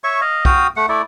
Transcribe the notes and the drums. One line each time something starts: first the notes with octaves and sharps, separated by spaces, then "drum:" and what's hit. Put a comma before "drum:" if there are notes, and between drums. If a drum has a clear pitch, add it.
C#5 E5 C#6
D#5 F5
F#4 F5 G5 D#6, drum: kick
A3 F#5
A3 E4 D5